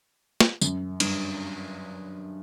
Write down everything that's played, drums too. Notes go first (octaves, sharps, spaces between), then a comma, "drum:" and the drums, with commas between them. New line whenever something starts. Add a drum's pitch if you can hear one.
drum: snare
F#2, drum: tambourine
G2, drum: cymbal